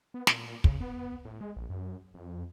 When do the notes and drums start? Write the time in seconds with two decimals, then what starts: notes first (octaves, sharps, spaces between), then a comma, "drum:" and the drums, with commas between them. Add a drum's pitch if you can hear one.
0.14 B3
0.27 A#2, drum: snare
0.64 C#3, drum: kick
0.80 B3
1.25 A2
1.41 G#3
1.56 A#1
1.70 F#2
2.14 F2